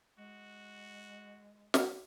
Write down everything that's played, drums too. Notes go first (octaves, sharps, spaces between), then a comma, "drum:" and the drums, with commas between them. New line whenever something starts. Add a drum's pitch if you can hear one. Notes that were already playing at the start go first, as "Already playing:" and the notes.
G#3 F#4
drum: snare